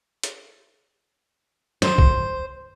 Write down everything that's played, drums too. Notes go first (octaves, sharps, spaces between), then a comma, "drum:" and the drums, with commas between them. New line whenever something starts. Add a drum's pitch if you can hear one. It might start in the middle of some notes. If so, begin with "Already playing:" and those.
drum: hi-hat
C5, drum: snare
drum: kick